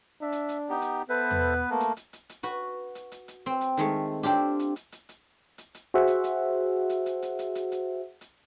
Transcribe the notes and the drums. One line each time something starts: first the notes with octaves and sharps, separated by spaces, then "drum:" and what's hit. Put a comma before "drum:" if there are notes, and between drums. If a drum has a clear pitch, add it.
D4 E5
drum: hi-hat
drum: hi-hat
B3 D#4 G4
drum: hi-hat
B3 A4 B4 C5 E5
drum: tom E2
A3 A#3
drum: hi-hat
drum: hi-hat
drum: hi-hat
drum: hi-hat
F#4 B4, drum: hi-hat
drum: hi-hat
drum: hi-hat
drum: hi-hat
C4
drum: hi-hat
D#3 G#3 A3, drum: hi-hat
C4 D4 F4 G4
drum: hi-hat
drum: hi-hat
drum: hi-hat
drum: hi-hat
drum: hi-hat
drum: hi-hat
F#4 G#4 C5 E5 F#5
drum: hi-hat
drum: hi-hat
drum: hi-hat
drum: hi-hat
drum: hi-hat
drum: hi-hat
drum: hi-hat
drum: hi-hat
drum: hi-hat